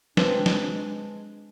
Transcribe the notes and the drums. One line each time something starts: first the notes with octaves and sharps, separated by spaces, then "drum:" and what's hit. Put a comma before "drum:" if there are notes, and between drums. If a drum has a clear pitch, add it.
G#3 C4 D4 B4, drum: snare
drum: snare